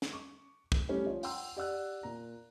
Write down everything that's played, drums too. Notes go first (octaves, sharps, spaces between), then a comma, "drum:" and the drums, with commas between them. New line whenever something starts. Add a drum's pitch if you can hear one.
drum: snare
C#6 D6
drum: kick
G3 A3 C#4 E4 G4
F3 C#5
F#5 G5 A#5 C6 E6, drum: open hi-hat
G4 D5 F#5 E6 F#6
A#2 A#5